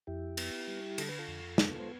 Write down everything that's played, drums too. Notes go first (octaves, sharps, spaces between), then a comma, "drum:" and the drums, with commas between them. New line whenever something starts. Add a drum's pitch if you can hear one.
F2 E4 G4
B3, drum: cymbal
G3
D3 A4, drum: cymbal
B4
F4 A4
F2
B3, drum: snare
C5